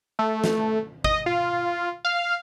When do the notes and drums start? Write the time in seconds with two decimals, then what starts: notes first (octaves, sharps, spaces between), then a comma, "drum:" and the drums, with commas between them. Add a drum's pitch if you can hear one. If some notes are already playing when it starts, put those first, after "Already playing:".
0.19 A3
0.44 drum: snare
1.04 D#5, drum: kick
1.26 F4
2.05 F5